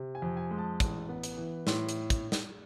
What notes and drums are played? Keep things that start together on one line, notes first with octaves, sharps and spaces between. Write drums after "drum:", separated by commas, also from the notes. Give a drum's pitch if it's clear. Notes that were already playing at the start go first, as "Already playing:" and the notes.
Already playing: C3
G#5
F2
G#5
G#3
A5
A1, drum: kick, hi-hat
B3
drum: hi-hat
E3
A2 C6, drum: snare
drum: hi-hat
drum: kick, hi-hat
drum: snare